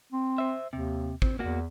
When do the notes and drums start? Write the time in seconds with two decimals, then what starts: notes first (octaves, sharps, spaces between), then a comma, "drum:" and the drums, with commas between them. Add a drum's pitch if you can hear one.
0.12 C4
0.38 C5 E5
0.73 D#2 C3
1.22 C4, drum: kick
1.39 E2 A#3 F#4